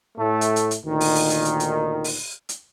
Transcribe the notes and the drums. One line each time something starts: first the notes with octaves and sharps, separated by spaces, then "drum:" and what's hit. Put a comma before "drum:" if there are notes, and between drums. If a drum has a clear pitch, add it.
A2 A3
drum: hi-hat
drum: hi-hat
drum: hi-hat
D2 A#2 D#3
drum: open hi-hat
drum: open hi-hat
drum: hi-hat
drum: hi-hat
drum: hi-hat
drum: open hi-hat
drum: hi-hat